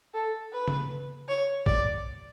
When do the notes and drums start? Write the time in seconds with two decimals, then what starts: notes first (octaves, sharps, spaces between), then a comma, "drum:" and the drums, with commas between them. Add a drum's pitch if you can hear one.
0.14 A4
0.53 B4
0.68 drum: tom C#3
1.29 C#5
1.66 D5, drum: kick